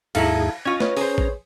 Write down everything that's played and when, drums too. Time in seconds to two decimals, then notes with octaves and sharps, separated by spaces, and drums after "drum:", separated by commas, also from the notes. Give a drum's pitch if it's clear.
0.15 D#2 G#2 F#3 E4 G#4 A4 F5, drum: cymbal
0.65 C#4 F4 D#5 C#6 G#6
0.80 B4 C#5, drum: snare
0.97 C#4 G#4 C5 A#5, drum: open hi-hat
1.18 drum: kick A1